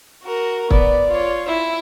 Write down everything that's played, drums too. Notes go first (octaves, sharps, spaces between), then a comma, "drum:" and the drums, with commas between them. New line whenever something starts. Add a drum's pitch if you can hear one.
F#4 A#4
B3 D5, drum: kick
F4 C#5
E4 E5